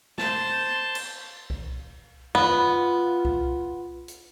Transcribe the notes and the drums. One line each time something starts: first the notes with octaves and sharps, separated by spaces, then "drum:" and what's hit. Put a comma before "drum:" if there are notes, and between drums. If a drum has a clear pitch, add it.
C5 A5, drum: snare
drum: cymbal
drum: kick B1
B3 F4, drum: tom E2
drum: kick B1
drum: hi-hat